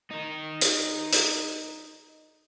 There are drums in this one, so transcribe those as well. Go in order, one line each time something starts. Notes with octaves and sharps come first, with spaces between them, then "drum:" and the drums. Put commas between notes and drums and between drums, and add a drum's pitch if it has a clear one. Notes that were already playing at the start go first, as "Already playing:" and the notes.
D#4 A#4
drum: hi-hat
drum: hi-hat